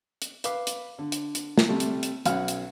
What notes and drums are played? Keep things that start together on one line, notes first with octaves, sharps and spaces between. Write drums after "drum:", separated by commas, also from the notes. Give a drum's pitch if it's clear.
drum: hi-hat
B4 F5 D6, drum: hi-hat
drum: hi-hat
D3
drum: hi-hat
drum: hi-hat
drum: snare
C3 G3 A3
drum: hi-hat
drum: hi-hat
B1 F#3 C#4 F#5 F6, drum: hi-hat
drum: hi-hat